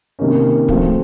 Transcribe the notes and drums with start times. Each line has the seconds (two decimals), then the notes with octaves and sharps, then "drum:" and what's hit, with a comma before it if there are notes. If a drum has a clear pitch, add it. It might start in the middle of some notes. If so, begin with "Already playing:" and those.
0.19 C3 D#3 A#3 C#4
0.68 F3 A3 C4 F#4, drum: kick